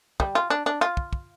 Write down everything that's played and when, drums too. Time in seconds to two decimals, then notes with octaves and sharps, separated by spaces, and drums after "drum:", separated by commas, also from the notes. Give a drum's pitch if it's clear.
0.20 G3, drum: kick
0.35 F4
0.50 D4
0.66 D4
0.81 F4
0.97 drum: kick
1.13 drum: kick